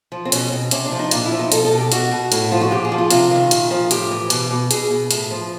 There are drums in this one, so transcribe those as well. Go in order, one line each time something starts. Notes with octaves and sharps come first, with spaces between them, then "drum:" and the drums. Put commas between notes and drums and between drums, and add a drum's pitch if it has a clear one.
F3
C4
B2 C#4, drum: hi-hat
B2 C4
C3 C#4, drum: hi-hat
D4
F3
D#4
A#2 D4, drum: hi-hat
E4
F3
D#4
B2 A4, drum: hi-hat
A4
B2
G4
B2 F#4, drum: hi-hat
B2
A2, drum: hi-hat
F3 F4
F#4
A#2 G4
G#4
F3
F4
C3 F4, drum: hi-hat
D#3
A#2, drum: hi-hat
F3
A2 G4, drum: hi-hat
E3
B2, drum: hi-hat
B2
B2 G#4, drum: hi-hat
B2
A2, drum: hi-hat
F3